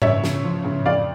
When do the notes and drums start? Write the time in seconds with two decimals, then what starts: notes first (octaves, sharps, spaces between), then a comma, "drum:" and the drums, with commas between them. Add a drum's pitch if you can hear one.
0.02 C#3 C#5 E5, drum: tom G#2
0.24 C#3, drum: snare
0.44 F3
0.64 C#3
0.86 F2 D5 F5